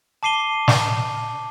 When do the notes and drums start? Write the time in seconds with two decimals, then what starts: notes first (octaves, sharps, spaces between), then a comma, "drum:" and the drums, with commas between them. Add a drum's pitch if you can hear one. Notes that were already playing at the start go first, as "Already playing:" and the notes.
0.23 A5 D6 C7 D#7 G7
0.68 drum: snare